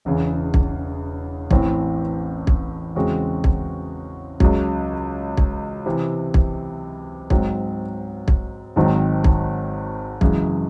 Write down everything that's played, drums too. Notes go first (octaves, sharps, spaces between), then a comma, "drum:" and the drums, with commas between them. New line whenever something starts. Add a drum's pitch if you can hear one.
E1 E2 C#3 E3
drum: kick
A1 A2 E3 C4, drum: kick
drum: kick
E2 C#3 G#3 C4 F#4
drum: kick
C#2 C#3 F#3, drum: kick
drum: kick
C3 E3 C4
drum: kick
G#2 F#3 C4, drum: kick
drum: kick
G#1 G#2 D#3 F#3 C4
drum: kick
F#2 C#3 E3 G#3, drum: kick